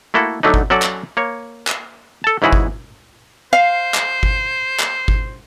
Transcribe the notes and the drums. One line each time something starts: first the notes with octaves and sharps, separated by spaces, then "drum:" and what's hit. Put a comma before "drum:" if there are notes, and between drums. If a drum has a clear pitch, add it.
A3 A#3 E4 F#4 A4
D3 F#3 A3 D4 D#4
drum: kick G1
F#3 C#4 F#4 A4 D5
drum: clap
A#3 C#5
drum: clap
A4 A5
G#2 C#3 E3 E4 F#4 G#4
drum: kick G1
C5 F5
drum: clap
drum: kick G1
drum: clap
drum: kick G1